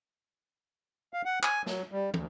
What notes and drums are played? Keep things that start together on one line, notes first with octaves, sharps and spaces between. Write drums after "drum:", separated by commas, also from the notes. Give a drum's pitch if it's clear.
F5
F#5
G#5, drum: clap
F#3, drum: snare
G3
D2, drum: tom